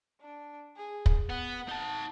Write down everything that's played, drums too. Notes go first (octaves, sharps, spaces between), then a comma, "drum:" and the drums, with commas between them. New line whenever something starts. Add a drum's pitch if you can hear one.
D4
G#4
drum: kick
B3 F#5
D#4 A5